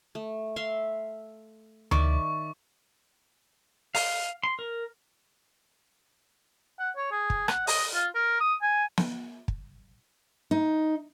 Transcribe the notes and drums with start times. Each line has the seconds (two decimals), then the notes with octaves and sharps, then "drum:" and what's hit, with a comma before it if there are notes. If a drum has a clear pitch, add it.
0.15 A3
0.56 E5 F5 C6
1.91 D#3 D5 E5 C#6, drum: tom D2
3.95 F5, drum: open hi-hat
4.43 C6
4.59 A#4
6.79 F#5
6.96 C#5
7.11 G#4
7.30 drum: kick
7.48 F#5, drum: rim click
7.67 D#5, drum: open hi-hat
7.94 F4
8.15 A#4
8.40 D#6
8.62 G#5
8.98 drum: snare
9.48 drum: kick
10.51 D#4